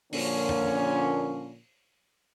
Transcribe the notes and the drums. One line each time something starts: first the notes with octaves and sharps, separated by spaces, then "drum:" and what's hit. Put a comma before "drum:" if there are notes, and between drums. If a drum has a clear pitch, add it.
A#2 D3 F3 A#3 C#4, drum: open hi-hat
drum: tom